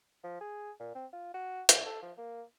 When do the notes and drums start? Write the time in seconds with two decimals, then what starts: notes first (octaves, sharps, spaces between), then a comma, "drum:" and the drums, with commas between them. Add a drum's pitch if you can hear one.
0.23 F3
0.41 G#4
0.80 A#2
0.95 C4
1.13 F4
1.34 F#4
1.69 C2, drum: hi-hat
1.85 A4
2.02 F3
2.18 A#3